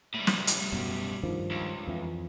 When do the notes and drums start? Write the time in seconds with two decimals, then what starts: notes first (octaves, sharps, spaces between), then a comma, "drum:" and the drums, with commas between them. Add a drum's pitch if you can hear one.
0.15 A2 G3
0.27 drum: snare
0.47 drum: hi-hat
0.72 F#2 B2 F#3
1.23 G2 D#3 F3
1.51 C#2
1.87 F2 E3